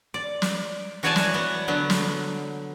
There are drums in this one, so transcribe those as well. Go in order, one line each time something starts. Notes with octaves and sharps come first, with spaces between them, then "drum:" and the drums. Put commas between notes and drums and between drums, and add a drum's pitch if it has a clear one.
D5
drum: snare
E3 F#4 C#5 D5 G#5 A5
drum: snare
B3
D3 F#3 B3
drum: snare